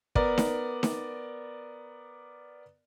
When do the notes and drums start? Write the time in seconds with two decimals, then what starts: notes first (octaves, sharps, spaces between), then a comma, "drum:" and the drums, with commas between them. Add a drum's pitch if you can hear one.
0.15 B3 A#4 D5, drum: kick
0.38 drum: snare D#4
0.83 drum: snare D#4